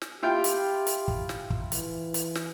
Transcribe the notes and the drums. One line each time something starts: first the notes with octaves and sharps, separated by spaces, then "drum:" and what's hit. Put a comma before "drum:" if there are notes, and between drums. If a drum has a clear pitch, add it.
drum: snare
E4 F4 G4 G5
drum: hi-hat
drum: hi-hat
drum: kick
drum: snare
drum: kick
E3, drum: hi-hat
drum: hi-hat
drum: snare